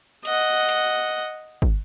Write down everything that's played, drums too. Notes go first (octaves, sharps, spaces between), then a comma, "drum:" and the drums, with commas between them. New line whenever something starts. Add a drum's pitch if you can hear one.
D#5 F#5, drum: hi-hat
drum: hi-hat
drum: kick